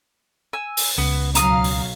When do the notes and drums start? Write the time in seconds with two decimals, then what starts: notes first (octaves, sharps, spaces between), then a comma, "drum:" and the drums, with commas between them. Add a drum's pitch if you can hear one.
0.53 G#5 E6
0.77 drum: open hi-hat
0.98 C#2 B3
1.35 B1 F#3 F5 A#5 D#6, drum: hi-hat
1.64 drum: open hi-hat